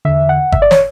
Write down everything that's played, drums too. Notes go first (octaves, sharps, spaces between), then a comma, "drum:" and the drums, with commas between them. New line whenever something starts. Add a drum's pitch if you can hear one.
E2 D3 E5
F#5
E5, drum: kick G1
D5
C#5, drum: snare